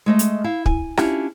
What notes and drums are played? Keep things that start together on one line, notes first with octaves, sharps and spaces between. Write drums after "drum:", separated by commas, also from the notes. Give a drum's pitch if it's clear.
G#3 A3 D#5
drum: hi-hat
E4 F5
G#5, drum: kick
C#4 D4 E4 F4 G4, drum: rim click